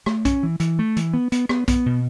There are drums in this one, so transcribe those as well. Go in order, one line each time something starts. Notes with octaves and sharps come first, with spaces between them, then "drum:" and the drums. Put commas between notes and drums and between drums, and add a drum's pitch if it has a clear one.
A3, drum: rim click
C#4, drum: kick B1, hi-hat
E3
E3, drum: hi-hat
A3
E3, drum: hi-hat
B3
B3, drum: hi-hat
B3, drum: rim click
B3, drum: kick B1, hi-hat
B2